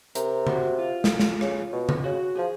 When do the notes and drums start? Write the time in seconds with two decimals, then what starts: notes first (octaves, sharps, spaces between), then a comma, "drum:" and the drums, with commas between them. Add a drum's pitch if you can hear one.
0.15 C3 A#4, drum: hi-hat
0.47 F#4, drum: tom C#3
0.79 F4
1.04 drum: snare
1.19 drum: snare
1.41 C#3, drum: rim click
1.73 B2
1.89 drum: tom C#3
2.04 C#3 F#4
2.35 F3 G#4